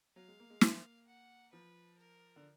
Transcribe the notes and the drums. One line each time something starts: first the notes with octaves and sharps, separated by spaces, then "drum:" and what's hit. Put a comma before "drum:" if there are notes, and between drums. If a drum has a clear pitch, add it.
F#3 F5
G#3
A#3
G#3
A#3, drum: snare
F#5
F3 B4
A#4
D3